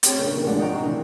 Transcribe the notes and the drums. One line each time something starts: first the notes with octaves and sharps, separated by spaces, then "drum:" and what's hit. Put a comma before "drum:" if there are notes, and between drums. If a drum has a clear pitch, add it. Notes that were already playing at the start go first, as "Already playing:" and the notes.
C4 C#4 G4 C#5, drum: hi-hat
C#3 A#3 D4
D#3 E3 A#3
F3 G#3 D4 G4 D5 F#5
D#5 F#5 G5 A#5 C#6
C3 D#3 E3 D4